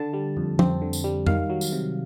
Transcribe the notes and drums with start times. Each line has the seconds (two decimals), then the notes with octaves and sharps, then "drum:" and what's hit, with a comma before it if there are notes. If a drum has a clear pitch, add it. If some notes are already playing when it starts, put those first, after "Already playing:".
Already playing: D3 A5
0.13 G3
0.37 F2
0.59 C4, drum: tom F3
0.82 D3
0.93 drum: tambourine
1.04 G3
1.27 D#3 F5, drum: tom F2
1.50 F#3
1.61 drum: tambourine
1.72 C3